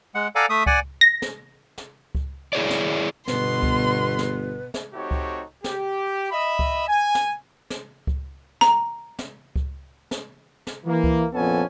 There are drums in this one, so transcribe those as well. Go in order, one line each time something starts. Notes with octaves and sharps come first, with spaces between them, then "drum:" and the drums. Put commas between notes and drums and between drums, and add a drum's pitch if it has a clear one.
G#3 F#5
A4 D5 F5 F#5 G#5 A#5
A3 E5 D#6
D5 F#5 G#5, drum: kick C#2
A#6
drum: snare
drum: snare
drum: kick C#2
E4 G#4 A4 C#5 D5
drum: snare
G1 B2 B4 C6, drum: snare
drum: kick C#2
drum: snare
drum: snare
A3 C4 D#4 F#4 G4 C#5
drum: kick C#2
G4, drum: snare
D#5 E5 B5
drum: kick C#2
G#5
drum: snare
drum: snare
drum: kick C#2
A#5, drum: snare
drum: snare
drum: kick C#2
drum: snare
drum: snare
E3 A#3
drum: kick C#2
A#1 F2 B3 C#4 A4 G#5